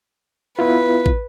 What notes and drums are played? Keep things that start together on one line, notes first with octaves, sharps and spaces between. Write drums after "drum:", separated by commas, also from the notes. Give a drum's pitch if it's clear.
B3 E4 F4 B4
drum: kick